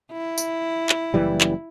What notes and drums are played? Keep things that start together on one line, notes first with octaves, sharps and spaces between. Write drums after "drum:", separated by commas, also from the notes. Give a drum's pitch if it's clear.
E4
drum: tambourine
drum: clap
F#1 E3 G3
drum: clap